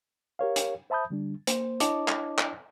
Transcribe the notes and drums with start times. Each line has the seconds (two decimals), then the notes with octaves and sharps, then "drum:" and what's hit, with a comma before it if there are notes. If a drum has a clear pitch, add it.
0.39 G4 A#4 C#5 F5
0.56 drum: hi-hat
0.90 C5 E5 A5 B5 D#6 G6
1.10 D3 G3 D4
1.47 A#3 C5, drum: hi-hat
1.80 D4 E4 C#5 D#5 A5 D6, drum: hi-hat
2.08 drum: clap
2.39 drum: clap